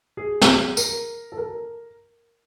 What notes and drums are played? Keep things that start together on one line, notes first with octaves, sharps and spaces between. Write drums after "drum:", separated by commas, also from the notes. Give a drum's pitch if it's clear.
G#4
drum: snare
A#4, drum: tambourine
A4
A#4